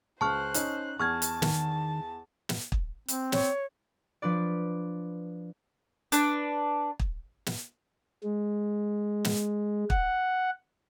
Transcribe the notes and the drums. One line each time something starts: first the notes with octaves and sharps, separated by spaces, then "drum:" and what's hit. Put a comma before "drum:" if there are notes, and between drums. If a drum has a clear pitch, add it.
C#2 C5 A5 C#6 F6 F#6
C#4 D#4, drum: hi-hat
E2 A5 C#6 F6 G#6
drum: hi-hat
D#3, drum: snare
drum: snare
drum: kick
C4, drum: hi-hat
C#5, drum: snare
F3 D4 B4 D5
D4 B4, drum: hi-hat
drum: kick
drum: snare
G#3
drum: snare
F#5, drum: kick